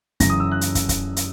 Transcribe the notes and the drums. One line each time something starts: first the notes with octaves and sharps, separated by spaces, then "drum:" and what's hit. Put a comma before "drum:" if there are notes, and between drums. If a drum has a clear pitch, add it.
F#2 C#3 E3 A#6, drum: kick, hi-hat
D#6
E6
F#6
drum: hi-hat
drum: kick, hi-hat
drum: kick, hi-hat
drum: hi-hat